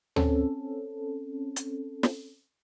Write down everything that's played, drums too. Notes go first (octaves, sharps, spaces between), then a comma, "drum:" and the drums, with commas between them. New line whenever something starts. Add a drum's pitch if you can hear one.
C4 C#4 A4, drum: tom D2
drum: hi-hat
drum: snare